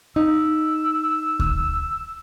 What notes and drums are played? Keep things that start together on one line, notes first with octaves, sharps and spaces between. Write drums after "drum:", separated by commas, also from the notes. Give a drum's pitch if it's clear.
D#4 E6
drum: kick D2